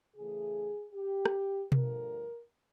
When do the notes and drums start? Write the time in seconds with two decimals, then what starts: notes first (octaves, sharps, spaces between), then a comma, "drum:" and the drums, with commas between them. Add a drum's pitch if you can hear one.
0.16 C#3 E3 A3 G#4
0.93 G4
1.26 drum: rim click
1.72 G2 D3 F3 A3 A#4, drum: tom B2